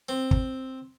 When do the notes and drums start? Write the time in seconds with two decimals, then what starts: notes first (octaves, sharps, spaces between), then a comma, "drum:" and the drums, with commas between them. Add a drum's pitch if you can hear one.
0.09 C4
0.31 drum: kick